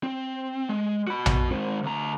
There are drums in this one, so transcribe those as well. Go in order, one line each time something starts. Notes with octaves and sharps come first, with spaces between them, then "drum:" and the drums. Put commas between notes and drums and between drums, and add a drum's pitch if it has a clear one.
C4
G#3
F#4 B5
drum: tom A#1
G#3 C4
D2 A#5